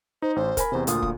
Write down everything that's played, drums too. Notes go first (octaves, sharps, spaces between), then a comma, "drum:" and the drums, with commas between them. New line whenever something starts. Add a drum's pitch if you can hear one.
D#4 C5
A1 C5
A#4 G#5 B5, drum: kick, hi-hat
E2 C3 C5
D2 A#2 F4 D#6, drum: hi-hat
drum: kick